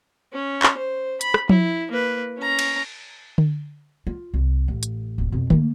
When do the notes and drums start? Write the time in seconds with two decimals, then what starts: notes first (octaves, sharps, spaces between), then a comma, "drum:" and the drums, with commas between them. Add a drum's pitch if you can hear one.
0.33 C#4
0.63 drum: clap
0.77 C5
1.21 B5, drum: hi-hat
1.34 drum: rim click
1.49 E4, drum: tom F3
1.90 A#3 B4
2.37 C#4 A#5
2.59 drum: cymbal
3.38 drum: tom D3
4.07 F4
4.34 C2
4.68 A1
4.83 drum: hi-hat
5.18 D1
5.32 F2 B2
5.50 A3 A#3, drum: tom D3